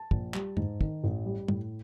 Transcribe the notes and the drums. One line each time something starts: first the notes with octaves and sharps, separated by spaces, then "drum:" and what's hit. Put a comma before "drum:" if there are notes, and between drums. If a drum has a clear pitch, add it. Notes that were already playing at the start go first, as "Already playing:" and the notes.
Already playing: A5
A#1, drum: kick
G3, drum: clap
G#2, drum: tom F2
D#3, drum: kick
A1
G3
A2, drum: tom